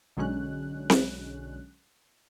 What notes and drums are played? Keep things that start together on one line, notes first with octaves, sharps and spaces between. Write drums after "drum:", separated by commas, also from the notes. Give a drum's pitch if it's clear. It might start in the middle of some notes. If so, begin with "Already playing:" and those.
B1 D3 F#3 G#3 C#4 F#6
drum: snare C4